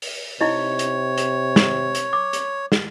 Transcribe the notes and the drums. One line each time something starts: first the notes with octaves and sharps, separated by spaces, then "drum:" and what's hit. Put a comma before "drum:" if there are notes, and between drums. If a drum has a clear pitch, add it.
drum: open hi-hat
C3 D#4 E4 C#5 D#5
drum: hi-hat
drum: hi-hat
drum: snare
drum: hi-hat
D6
drum: hi-hat
drum: snare